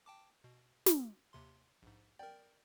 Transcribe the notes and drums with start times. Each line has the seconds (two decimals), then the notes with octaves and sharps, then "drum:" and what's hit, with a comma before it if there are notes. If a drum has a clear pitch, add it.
0.06 G5 A5 D6
0.44 B2
0.86 drum: snare
1.33 D#2 C3 C6
1.82 A#1 G#2
2.19 A#4 D5 G5